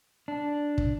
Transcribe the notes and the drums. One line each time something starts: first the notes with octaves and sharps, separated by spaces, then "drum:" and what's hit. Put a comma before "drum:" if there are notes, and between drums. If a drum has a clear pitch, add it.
D4
drum: kick